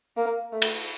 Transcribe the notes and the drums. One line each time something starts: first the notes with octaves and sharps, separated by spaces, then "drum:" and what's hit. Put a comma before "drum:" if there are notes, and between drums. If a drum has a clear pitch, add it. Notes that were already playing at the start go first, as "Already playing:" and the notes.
A#3
A3
drum: cymbal